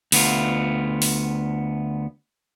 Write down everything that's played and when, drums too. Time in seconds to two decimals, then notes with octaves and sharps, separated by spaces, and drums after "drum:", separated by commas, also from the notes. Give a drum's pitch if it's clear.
0.12 D2 B3 F4, drum: open hi-hat
1.02 drum: open hi-hat